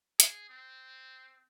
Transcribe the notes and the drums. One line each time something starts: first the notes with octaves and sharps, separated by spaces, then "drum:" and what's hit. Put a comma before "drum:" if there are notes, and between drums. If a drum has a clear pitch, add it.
G#4, drum: hi-hat
C4